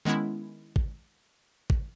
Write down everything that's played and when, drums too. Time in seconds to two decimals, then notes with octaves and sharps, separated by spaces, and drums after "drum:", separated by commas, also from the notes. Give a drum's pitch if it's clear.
0.05 D#3 G#3 B3 C#4 E4
0.76 drum: kick
1.70 drum: kick